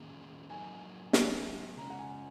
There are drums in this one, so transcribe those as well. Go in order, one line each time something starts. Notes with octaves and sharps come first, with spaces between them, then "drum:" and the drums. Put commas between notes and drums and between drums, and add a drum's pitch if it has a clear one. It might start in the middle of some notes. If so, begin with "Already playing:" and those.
Already playing: E2 D#3 A#3 C#4 G#4
F#3 A#3 D#4 G#5
F#3 A#3 D#4, drum: snare
C#3 G#3 C#4 A#5
F#5
G#5